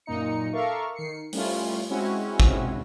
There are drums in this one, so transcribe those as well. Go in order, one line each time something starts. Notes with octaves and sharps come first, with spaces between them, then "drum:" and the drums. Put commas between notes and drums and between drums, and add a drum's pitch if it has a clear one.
F#2 A#2 D#4 C#7
A4 A#4 E5 F5 C#6 D6
D#3 C7 C#7
G3 A3 C#4 E4 F4, drum: open hi-hat
G#3 C4 C#4 E4 F#4
drum: kick G#1